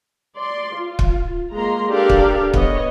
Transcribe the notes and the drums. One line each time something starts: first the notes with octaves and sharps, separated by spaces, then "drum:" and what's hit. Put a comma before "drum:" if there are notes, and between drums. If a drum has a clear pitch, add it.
D5 C6
F4
drum: kick
G#3 A#3 A#5 C6
D4 G4 A4 A#4 D5 F5
drum: kick
B3 C#5 D#5, drum: kick